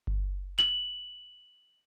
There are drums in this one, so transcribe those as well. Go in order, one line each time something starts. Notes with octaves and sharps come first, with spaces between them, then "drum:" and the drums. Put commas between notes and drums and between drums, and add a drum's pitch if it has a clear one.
drum: kick G1
F#7, drum: clap